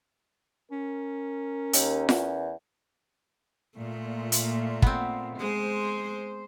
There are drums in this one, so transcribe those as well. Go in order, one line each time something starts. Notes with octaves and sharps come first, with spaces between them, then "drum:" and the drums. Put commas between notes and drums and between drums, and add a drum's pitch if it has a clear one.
C#4 A#4
D#2, drum: hi-hat
E2, drum: snare F4
A#2 A3
drum: hi-hat
B3 C4, drum: kick
G#3 C5